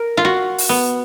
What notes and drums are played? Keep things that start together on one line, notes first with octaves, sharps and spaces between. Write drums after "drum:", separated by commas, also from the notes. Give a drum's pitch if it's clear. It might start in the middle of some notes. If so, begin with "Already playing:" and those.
Already playing: A#4
F4
F#4
drum: open hi-hat
B3